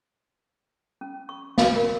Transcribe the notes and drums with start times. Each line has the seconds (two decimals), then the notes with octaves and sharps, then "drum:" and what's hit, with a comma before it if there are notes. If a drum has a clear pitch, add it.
1.01 C#4
1.29 C#6
1.58 F5, drum: snare
1.76 A#4